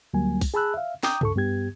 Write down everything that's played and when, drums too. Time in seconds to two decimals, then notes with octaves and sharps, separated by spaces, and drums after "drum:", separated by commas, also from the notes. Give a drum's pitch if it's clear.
0.13 D2 F#3 G3 A#3 G#5
0.41 drum: kick, open hi-hat
0.54 G#4 A5 B5 E6 F#6
0.74 E5 F5
1.03 G5 A#5 D6 D#6 G6, drum: snare
1.21 C#2 A4 C#6, drum: tom F#2
1.36 G2 B3 G4 G#6